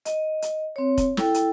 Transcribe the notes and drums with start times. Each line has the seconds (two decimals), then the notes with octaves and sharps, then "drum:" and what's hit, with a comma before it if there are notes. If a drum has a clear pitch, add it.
0.05 D#5, drum: hi-hat
0.42 drum: hi-hat
0.76 C4 C#5
0.98 drum: kick, hi-hat
1.17 E4 A4 G5, drum: snare
1.34 drum: hi-hat